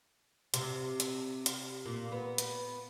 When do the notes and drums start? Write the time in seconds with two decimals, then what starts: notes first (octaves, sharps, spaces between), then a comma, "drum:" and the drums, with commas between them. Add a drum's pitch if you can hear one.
0.54 C3, drum: hi-hat
1.00 drum: hi-hat
1.46 drum: hi-hat
1.86 A#2
2.12 B3
2.38 drum: hi-hat